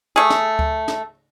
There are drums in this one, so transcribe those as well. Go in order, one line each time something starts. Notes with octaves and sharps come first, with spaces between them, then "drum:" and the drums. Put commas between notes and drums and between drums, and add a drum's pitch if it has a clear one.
A3 G#4
drum: snare
drum: kick C#2
drum: snare